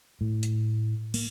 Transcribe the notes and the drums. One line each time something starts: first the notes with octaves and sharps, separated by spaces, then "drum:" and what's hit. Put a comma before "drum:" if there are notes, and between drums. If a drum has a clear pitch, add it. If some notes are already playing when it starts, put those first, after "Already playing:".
A2
drum: hi-hat
A#3, drum: cymbal